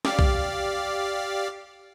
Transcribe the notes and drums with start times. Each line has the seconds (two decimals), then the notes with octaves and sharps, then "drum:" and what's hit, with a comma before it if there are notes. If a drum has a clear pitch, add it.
0.05 G4 D5 F5, drum: snare
0.19 drum: kick